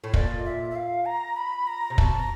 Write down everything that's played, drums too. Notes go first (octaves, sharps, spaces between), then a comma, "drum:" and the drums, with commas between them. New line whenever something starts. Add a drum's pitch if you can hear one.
A2
A#2 D5, drum: kick
D#5
E5
E5
F5
A#5
B5
A#5
C3
B2 A5, drum: kick
A#5